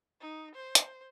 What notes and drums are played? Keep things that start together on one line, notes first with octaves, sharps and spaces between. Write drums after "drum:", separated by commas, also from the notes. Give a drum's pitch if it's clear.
D#4
C5
drum: hi-hat